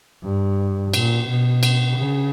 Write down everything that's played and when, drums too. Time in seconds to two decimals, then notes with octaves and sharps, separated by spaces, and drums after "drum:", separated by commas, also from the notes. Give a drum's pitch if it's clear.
0.23 G2
0.94 A#2, drum: cymbal
1.28 B2
1.63 drum: cymbal
1.97 C#3